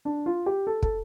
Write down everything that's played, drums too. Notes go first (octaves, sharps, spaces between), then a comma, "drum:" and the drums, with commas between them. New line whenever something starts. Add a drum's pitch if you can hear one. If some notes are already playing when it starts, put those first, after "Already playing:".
D4
F4
G4
A4
A4, drum: kick